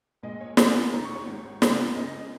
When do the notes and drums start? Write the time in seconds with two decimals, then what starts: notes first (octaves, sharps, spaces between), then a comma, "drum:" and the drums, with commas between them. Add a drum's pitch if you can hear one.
0.23 A#1 A#2 G#3 D#5
0.41 C#5
0.57 D#2 D#3 A#3 G#5, drum: snare
0.92 F1 D#2 D#3 G#3 A#5
1.04 C#6
1.15 C#5
1.26 G#1 G#2 G#3
1.62 C#2 C#3 G#3, drum: snare
1.96 C#2 C#3 A#3 D#5